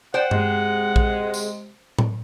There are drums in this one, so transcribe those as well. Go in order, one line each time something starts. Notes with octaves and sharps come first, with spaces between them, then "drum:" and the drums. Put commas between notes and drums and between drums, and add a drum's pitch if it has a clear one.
C5 D5 F#5 G5
C3 G#3 G#4, drum: tom G2
drum: kick A#1
drum: tambourine
drum: tom A2